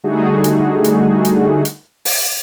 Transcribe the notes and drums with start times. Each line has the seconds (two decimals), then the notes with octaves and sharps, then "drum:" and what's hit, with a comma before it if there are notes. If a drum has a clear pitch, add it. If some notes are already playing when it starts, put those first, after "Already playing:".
0.04 D3 G3 A3 D#4 F#4 G#4
0.44 drum: hi-hat
0.84 drum: hi-hat
1.25 drum: hi-hat
1.65 drum: hi-hat
2.05 drum: open hi-hat